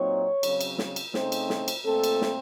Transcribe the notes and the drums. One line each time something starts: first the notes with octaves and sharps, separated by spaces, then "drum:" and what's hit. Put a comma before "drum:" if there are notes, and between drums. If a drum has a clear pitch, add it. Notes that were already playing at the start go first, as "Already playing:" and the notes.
Already playing: A#2 F#3 C4 D#4 C#5
C#3 F#3 C4, drum: cymbal
drum: cymbal
drum: snare
drum: cymbal
C#3 A3 C4 D#4 C5, drum: snare
drum: cymbal
C5, drum: snare
drum: cymbal
A#2 A3 C4 A4
drum: cymbal
drum: snare